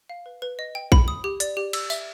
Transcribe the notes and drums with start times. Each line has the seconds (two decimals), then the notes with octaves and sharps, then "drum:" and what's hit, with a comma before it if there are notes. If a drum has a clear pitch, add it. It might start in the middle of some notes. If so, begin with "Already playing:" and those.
0.09 F5
0.26 B4
0.42 B4
0.59 D#5
0.75 G5
0.92 B5, drum: kick
1.08 D#6
1.24 G4
1.40 D5, drum: hi-hat
1.57 G4
1.73 E6, drum: cymbal
1.90 E5, drum: tambourine